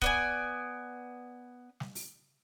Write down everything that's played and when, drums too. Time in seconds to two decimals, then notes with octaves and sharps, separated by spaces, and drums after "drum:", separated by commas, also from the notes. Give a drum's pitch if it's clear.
0.02 B3 D5 G#5, drum: kick
1.80 drum: snare
1.95 drum: open hi-hat